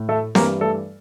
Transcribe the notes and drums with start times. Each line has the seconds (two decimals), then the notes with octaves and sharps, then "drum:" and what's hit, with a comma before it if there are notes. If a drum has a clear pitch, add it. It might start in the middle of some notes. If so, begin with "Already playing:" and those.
Already playing: A2
0.09 A3 A4
0.35 G2 E3 G3 A#3 A#4, drum: snare C4
0.61 A3 A4